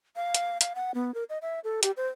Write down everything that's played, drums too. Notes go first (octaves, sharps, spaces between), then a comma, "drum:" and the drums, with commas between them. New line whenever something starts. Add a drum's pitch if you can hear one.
F5
drum: hi-hat
F5, drum: hi-hat
F#5
B3
A#4
D#5
E5
A4
G4, drum: hi-hat
C5